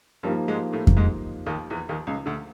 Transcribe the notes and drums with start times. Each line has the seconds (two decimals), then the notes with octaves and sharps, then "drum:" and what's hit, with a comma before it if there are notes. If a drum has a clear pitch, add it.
0.23 G2 F3 G3 A#3 D#4 G4
0.48 G#2 G#3
0.72 A2 A3
0.87 drum: kick F2
0.97 G#2 G#3
1.46 D#2 D#3
1.70 E2 E3
1.89 D#2 D#3
2.07 C#2 C#3
2.26 D2 D3